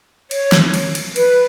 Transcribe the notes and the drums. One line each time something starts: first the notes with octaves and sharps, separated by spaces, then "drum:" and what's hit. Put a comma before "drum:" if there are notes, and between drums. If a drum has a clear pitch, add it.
C#5, drum: cymbal
drum: snare
drum: cymbal
drum: cymbal
B4, drum: cymbal